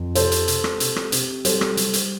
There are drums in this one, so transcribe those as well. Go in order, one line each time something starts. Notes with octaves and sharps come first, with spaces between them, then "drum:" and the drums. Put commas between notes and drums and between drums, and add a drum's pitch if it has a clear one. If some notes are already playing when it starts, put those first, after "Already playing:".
Already playing: F2
C3 A4 C5, drum: hi-hat
drum: hi-hat
C3, drum: hi-hat
drum: rim click
C3, drum: hi-hat
drum: rim click
C3, drum: hi-hat
G3 A4 C5, drum: hi-hat
drum: rim click
G3, drum: hi-hat
drum: hi-hat